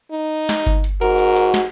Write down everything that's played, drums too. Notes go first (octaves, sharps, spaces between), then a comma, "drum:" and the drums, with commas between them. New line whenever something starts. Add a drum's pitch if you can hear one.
D#4
drum: snare
drum: kick G1, hi-hat
drum: hi-hat
G#2 F#4 A#4, drum: hi-hat
drum: hi-hat
drum: hi-hat
drum: snare